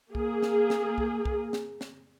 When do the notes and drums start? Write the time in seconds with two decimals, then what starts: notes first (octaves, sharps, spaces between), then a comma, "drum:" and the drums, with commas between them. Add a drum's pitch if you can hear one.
0.15 A#3 G#4, drum: kick
0.42 drum: snare
0.70 drum: snare
0.98 drum: kick
1.25 drum: kick
1.53 drum: snare
1.81 drum: snare